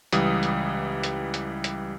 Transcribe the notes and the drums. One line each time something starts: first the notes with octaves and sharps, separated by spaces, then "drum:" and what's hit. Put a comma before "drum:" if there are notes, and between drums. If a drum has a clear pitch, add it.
C#2 E3 G3 D#6, drum: hi-hat
drum: hi-hat
drum: hi-hat
drum: hi-hat
drum: hi-hat